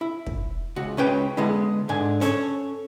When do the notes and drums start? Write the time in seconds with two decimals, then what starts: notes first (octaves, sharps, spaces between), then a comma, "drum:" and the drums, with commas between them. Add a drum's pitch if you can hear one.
0.01 E4
0.26 drum: kick
0.76 C#2 F#4
0.97 C#2 C#4 B4 G5
1.37 D3 G#3 B3 E4
1.89 G#2 D3 G#5
2.21 C#4 A4 C#5, drum: hi-hat